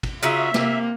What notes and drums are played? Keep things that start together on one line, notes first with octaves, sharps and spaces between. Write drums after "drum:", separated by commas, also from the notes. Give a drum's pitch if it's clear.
drum: kick, cymbal
C#3 D#4 F4 F#4 E5
C3 A#3, drum: snare